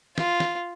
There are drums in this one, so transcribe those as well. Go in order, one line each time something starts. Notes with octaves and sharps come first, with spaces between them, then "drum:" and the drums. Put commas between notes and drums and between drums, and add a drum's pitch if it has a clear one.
F4, drum: snare
drum: snare